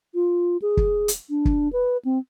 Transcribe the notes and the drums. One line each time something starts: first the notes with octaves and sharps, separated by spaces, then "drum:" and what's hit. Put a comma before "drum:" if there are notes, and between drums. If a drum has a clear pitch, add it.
F4
G#4
drum: kick
drum: hi-hat
D4
drum: kick
B4
C4